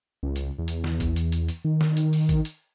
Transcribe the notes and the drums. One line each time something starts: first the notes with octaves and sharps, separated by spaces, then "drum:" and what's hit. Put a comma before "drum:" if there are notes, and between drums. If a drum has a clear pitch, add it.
C#2
drum: hi-hat
E2
drum: hi-hat
drum: snare
drum: kick, hi-hat
drum: hi-hat
drum: hi-hat
drum: hi-hat
D#3
drum: snare
drum: hi-hat
drum: open hi-hat
drum: kick, hi-hat
drum: hi-hat